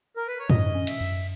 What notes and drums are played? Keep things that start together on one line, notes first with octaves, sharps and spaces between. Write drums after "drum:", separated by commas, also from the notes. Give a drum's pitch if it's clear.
A#4
B4
C#5
F#2 D#5, drum: tom G#2
C#4
E5, drum: cymbal
F#2